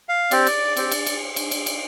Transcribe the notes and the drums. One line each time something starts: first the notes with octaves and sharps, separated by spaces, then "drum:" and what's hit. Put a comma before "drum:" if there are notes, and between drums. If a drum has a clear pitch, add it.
F5
C4 G4 D5, drum: cymbal
drum: cymbal
C4 G4, drum: cymbal
drum: cymbal
drum: cymbal
drum: cymbal
drum: cymbal
drum: cymbal